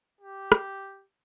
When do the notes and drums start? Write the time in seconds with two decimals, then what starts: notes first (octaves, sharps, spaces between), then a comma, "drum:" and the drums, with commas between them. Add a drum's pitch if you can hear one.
0.21 G4
0.52 drum: rim click